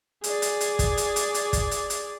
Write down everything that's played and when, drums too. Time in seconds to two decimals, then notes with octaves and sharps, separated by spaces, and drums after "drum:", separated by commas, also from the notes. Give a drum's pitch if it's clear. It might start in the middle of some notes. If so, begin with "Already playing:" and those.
0.24 G#4 D5, drum: hi-hat
0.42 drum: hi-hat
0.61 drum: hi-hat
0.79 drum: kick, hi-hat
0.97 drum: hi-hat
1.16 drum: hi-hat
1.34 drum: hi-hat
1.53 drum: kick, hi-hat
1.71 drum: hi-hat
1.90 drum: hi-hat